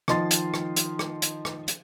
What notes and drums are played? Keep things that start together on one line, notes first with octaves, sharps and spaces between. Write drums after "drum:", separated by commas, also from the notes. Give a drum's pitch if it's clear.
D#3 F3 D#5 C6 A6, drum: rim click
drum: hi-hat
drum: rim click
drum: hi-hat
drum: rim click
drum: hi-hat
drum: rim click
drum: hi-hat